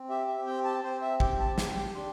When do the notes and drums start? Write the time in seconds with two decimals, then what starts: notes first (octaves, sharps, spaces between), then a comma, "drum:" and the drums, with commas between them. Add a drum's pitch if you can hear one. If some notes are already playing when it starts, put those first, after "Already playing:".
Already playing: C4
0.09 G4 E5
0.28 E5
0.46 C4 G5
0.64 A5
0.84 C4 C5
1.02 E5
1.20 G4 G5, drum: kick
1.40 A5
1.58 G4 A5, drum: snare
1.77 G5
1.95 D4 C6